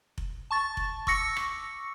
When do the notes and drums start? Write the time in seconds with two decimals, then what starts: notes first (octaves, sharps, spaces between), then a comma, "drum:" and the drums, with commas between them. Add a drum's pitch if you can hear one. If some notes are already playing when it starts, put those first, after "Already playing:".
0.18 drum: kick F1
0.51 A5 C#6 A6
0.77 drum: kick F1
1.07 C#6 D6 E6 A#6 C#7, drum: kick F1
1.37 drum: rim click